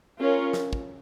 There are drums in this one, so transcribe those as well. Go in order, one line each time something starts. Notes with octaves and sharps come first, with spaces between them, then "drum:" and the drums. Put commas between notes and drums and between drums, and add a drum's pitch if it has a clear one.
C#4 F4 A#4 C#5
drum: snare
drum: kick